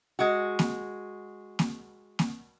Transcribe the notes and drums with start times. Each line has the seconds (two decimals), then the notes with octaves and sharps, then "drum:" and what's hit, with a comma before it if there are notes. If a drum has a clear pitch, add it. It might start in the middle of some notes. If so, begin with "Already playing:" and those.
0.19 G#3 F#4
0.59 drum: snare A#3
1.59 drum: snare A#3
2.19 drum: snare A#3